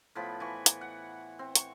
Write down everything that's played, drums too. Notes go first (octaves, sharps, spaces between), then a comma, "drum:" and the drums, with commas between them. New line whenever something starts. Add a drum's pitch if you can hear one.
A2 F3 B3 B5
E3 C#6
drum: hi-hat
F#5
C4
C#6, drum: hi-hat